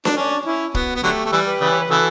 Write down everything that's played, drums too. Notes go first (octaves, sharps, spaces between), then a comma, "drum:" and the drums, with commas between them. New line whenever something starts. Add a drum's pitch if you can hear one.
D4, drum: snare D4
C#4 D4
C#4 E4
B3 F#4, drum: kick
B3
D3 F#3 A3 G4
A3
E3 G3
G4 B4
C#3 E3 D5
C#5
B4
C#3 E3 F#4 A4